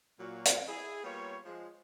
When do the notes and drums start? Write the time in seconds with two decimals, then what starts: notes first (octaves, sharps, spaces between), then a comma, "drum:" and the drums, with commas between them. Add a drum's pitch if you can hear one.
0.19 A#2 F#3 A#3
0.45 drum: hi-hat
0.67 E4 G#4
1.04 G3 A#3 B3 F4 C#5
1.45 F3 G#3